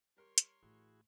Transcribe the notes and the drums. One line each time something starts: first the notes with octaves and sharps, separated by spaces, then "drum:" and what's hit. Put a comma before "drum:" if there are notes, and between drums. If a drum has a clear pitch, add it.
G3 A#4 C#5 C6
drum: hi-hat
A1 E4 F#4 G#4